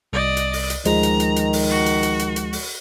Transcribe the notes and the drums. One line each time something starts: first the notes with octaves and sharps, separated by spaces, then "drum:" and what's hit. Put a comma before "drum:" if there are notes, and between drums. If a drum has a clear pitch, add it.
C2 D5 D#5
drum: hi-hat
drum: open hi-hat
drum: hi-hat
D2 D#3 F3 G#3 A#5, drum: hi-hat
drum: hi-hat
drum: hi-hat
drum: hi-hat
drum: open hi-hat
F#4
drum: hi-hat
drum: hi-hat
drum: hi-hat
drum: hi-hat
drum: open hi-hat